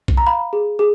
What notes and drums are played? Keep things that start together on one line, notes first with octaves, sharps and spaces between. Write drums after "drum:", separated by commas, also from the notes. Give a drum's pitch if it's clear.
drum: kick B1
A#5
F5 B5
G#4
G#4